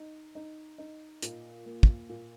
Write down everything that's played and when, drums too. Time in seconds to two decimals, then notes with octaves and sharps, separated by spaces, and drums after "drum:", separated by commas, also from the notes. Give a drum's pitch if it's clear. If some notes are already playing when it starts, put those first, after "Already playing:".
Already playing: D#4
0.35 D#4
0.78 D#4
1.22 A#2, drum: hi-hat
1.66 A#3
1.83 drum: kick
2.09 A#2